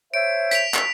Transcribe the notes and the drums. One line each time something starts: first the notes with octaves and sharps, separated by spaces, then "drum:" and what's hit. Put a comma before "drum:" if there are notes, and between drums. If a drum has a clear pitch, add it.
C5 C#5 E5 D7
B6 D7 F7, drum: hi-hat
drum: clap